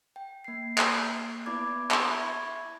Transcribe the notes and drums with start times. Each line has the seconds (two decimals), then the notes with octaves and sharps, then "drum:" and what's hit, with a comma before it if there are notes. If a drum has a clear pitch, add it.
0.16 G5
0.44 A#3 C7
0.78 drum: clap
1.46 B3 E4 D5 B5 D6 G#6
1.91 drum: clap
2.10 E4 E5 B5 C#6 G#6 A#6